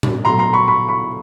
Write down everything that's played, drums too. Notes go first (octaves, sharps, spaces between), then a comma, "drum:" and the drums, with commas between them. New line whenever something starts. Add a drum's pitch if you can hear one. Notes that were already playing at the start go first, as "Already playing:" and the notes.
drum: tom A#2
B2 F#3 A3 A#5 C6
A#5 C6
B5 C#6
B5 C#6
B5 C#6